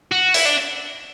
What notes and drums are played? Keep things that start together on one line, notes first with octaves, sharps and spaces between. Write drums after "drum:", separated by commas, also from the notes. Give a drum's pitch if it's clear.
F#4
E4, drum: open hi-hat
D4